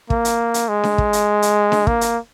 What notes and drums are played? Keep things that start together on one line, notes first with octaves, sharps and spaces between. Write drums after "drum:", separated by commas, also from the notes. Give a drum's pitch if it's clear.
A#3, drum: kick
drum: hi-hat
drum: hi-hat
G#3
drum: snare D4
drum: kick
drum: hi-hat
drum: hi-hat
drum: snare D4
A#3, drum: kick
drum: hi-hat